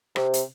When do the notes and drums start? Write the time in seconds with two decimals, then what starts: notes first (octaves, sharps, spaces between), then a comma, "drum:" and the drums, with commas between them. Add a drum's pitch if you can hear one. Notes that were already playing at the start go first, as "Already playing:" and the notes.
0.16 C3, drum: rim click
0.34 drum: hi-hat